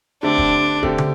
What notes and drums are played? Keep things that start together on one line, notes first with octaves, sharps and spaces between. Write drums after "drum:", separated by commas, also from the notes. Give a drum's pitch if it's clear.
D3 A3 C4 D4 G4
drum: kick E1
D3 A3 C4 G4, drum: kick E1
drum: tom